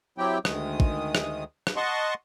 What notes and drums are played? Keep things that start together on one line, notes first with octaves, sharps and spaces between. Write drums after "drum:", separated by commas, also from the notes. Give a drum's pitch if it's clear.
F#3 C4 E4 G4 G5
D2 D#3 G#3 D#6, drum: rim click
drum: kick
drum: rim click
drum: rim click
D#5 F#5 A5 C6 C#6